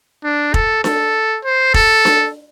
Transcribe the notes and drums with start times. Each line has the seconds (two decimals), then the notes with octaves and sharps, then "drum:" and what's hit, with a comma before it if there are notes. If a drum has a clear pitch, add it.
0.24 D4
0.54 A4, drum: kick
0.84 A4, drum: snare D4
1.45 C5
1.74 A4, drum: kick
2.05 drum: snare D4